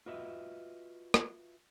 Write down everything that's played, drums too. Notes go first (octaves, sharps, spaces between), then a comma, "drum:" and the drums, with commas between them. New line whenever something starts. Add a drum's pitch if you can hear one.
F4 F#4 B4 D#5 E5
drum: rim click